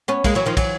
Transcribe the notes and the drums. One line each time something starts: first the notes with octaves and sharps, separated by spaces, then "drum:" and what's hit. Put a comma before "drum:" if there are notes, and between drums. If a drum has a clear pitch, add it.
B3 C#4
G#3 A#3, drum: kick, cymbal
E3 F#3
D#3 F3
E3 F#3, drum: kick, cymbal